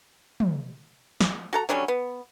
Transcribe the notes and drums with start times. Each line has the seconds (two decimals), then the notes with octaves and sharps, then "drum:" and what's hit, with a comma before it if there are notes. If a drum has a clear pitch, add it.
0.40 drum: tom
1.21 drum: snare
1.53 F#4 A4 A#5
1.69 D3 F#3 G3 C#4
1.88 B3